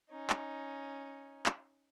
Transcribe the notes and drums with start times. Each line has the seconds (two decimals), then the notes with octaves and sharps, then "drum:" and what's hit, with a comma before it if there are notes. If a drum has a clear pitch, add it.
0.10 C#4 D#4
0.30 drum: clap
1.46 drum: clap